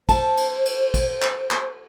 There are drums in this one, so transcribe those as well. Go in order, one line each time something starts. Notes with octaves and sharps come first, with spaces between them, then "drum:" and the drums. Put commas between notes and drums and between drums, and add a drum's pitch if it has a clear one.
C5 A5, drum: kick, cymbal
drum: cymbal
drum: cymbal
drum: kick, cymbal
drum: clap
drum: clap